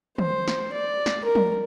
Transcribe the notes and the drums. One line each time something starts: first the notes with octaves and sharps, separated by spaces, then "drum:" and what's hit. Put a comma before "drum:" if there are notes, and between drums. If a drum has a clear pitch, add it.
C5, drum: tom
drum: snare
D5
drum: snare
A#4
drum: tom